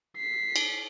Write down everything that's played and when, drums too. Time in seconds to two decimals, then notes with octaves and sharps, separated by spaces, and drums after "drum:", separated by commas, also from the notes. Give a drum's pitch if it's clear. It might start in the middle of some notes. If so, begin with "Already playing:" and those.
0.16 B6 C7
0.56 drum: cymbal